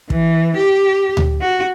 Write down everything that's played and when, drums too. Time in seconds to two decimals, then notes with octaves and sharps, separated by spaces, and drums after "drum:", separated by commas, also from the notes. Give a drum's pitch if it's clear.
0.10 E3, drum: kick
0.57 G4
1.17 drum: tom D2
1.41 F#4